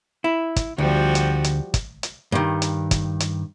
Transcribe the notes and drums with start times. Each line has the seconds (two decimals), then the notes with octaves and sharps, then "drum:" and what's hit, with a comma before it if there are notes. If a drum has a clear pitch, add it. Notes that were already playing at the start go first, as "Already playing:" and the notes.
0.24 E4
0.56 drum: kick, hi-hat
0.78 D2 F3 G3 F#4
1.15 drum: hi-hat
1.44 drum: hi-hat
1.74 drum: kick, hi-hat
2.03 drum: hi-hat
2.32 G2 D#3
2.62 drum: hi-hat
2.91 drum: kick, hi-hat
3.20 drum: hi-hat